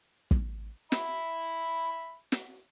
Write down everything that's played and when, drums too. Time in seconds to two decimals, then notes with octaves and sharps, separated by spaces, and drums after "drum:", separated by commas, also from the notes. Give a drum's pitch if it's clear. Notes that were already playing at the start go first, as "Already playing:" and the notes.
0.31 drum: kick
0.92 E5 B5, drum: snare
2.32 drum: snare